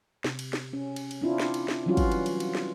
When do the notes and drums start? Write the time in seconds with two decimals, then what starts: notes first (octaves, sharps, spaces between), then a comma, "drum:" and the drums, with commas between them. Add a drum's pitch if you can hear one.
0.24 C3, drum: snare
0.39 drum: cymbal
0.53 drum: snare
0.73 C#4
0.96 drum: cymbal
1.11 drum: cymbal
1.21 C4 D4 E4 F4
1.40 drum: snare
1.54 drum: cymbal
1.68 drum: snare
1.86 E3 F#3 G3 C#4 F4 F#4
1.97 drum: kick, cymbal
2.12 drum: cymbal
2.26 drum: cymbal
2.40 drum: cymbal
2.55 drum: snare